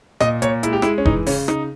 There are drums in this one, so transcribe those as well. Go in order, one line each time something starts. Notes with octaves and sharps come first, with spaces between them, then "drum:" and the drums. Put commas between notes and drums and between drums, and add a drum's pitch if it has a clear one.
A#2 D#5, drum: rim click
A#2 C#5, drum: hi-hat
G#3 E4, drum: hi-hat
G4
G#3 E4, drum: rim click
C#4
E3 D#4, drum: kick F1
C#3 C#4, drum: open hi-hat
C#3 D#4, drum: rim click